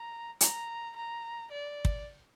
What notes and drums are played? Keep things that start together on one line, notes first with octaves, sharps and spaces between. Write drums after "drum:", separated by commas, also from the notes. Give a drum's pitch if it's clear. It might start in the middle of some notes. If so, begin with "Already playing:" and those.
Already playing: A#5
A#5, drum: hi-hat
A#5
D5
drum: kick